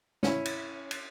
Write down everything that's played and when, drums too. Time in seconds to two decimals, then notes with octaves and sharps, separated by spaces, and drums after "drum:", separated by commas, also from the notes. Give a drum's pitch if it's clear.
0.23 C#4 E4, drum: snare
0.45 drum: cymbal
0.91 drum: cymbal